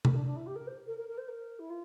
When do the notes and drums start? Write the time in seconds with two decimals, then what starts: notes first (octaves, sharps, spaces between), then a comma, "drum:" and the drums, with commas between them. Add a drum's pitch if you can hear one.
0.05 A#4, drum: tom C3
0.14 D4
0.25 D4
0.36 E4
0.46 G4
0.55 A#4
0.67 C5
0.87 A#4
0.97 A#4
1.08 A#4
1.17 C5
1.28 A#4
1.59 E4
1.69 F4